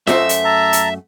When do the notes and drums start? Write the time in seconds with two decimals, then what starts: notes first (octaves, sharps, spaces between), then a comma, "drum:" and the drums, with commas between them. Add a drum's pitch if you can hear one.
0.07 F#2 A3 C5 D#5 E5, drum: snare F4
0.29 drum: hi-hat
0.45 A5 A#5 E6
0.73 drum: hi-hat